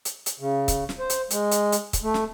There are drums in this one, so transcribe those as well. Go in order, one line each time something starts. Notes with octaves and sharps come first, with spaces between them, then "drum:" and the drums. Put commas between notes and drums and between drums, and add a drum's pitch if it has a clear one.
drum: hi-hat
drum: hi-hat
C#3
drum: kick C#1, hi-hat
drum: snare
C5
drum: hi-hat
G#3, drum: hi-hat
drum: hi-hat
drum: hi-hat
drum: kick C#1, hi-hat
A3
drum: snare